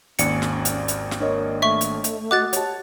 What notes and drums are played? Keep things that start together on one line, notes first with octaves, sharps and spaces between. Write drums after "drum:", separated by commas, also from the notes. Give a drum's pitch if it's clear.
G#1 D#2 C#4 D5 C#7, drum: hi-hat
drum: snare
drum: hi-hat
drum: hi-hat
drum: snare
D4 A#4 C#5 D#5
A3 E5 C#6
drum: hi-hat
drum: hi-hat
F#4 D#5 F#5 D6 F#6 A6
G4 C#5 A5, drum: hi-hat